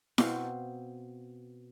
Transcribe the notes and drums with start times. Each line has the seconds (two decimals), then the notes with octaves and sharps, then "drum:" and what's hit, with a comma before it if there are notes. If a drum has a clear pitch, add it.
0.18 B2 C4 F5, drum: snare E4